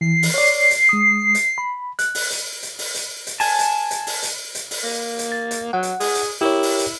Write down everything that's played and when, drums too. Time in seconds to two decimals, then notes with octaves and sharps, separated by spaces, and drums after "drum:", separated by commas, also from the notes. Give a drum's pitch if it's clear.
0.01 E3 C7
0.23 drum: open hi-hat
0.34 C#5 D5
0.71 drum: hi-hat
0.89 G#3 D#6
1.35 drum: hi-hat
1.58 B5
1.99 F#6, drum: hi-hat
2.15 drum: open hi-hat
2.31 drum: hi-hat
2.63 drum: hi-hat
2.79 drum: open hi-hat
2.95 drum: hi-hat
3.27 drum: hi-hat
3.40 G#5 A5, drum: open hi-hat
3.59 drum: hi-hat
3.91 drum: hi-hat
4.07 drum: open hi-hat
4.23 drum: hi-hat
4.55 drum: hi-hat
4.71 drum: open hi-hat
4.84 A#3
5.19 drum: hi-hat
5.32 A6
5.51 drum: hi-hat
5.73 F#3 F#5
5.83 drum: hi-hat
6.00 G#4, drum: open hi-hat
6.15 drum: hi-hat
6.41 E4 G4 A#4 C#5
6.63 drum: open hi-hat
6.79 drum: hi-hat